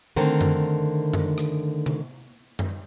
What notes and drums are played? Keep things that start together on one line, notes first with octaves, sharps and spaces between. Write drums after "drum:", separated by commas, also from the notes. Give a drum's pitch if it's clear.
D3 D#3 A3 C4 A#4
drum: tom F#2
drum: tom F#2
drum: rim click
drum: tom C3
drum: tom F#2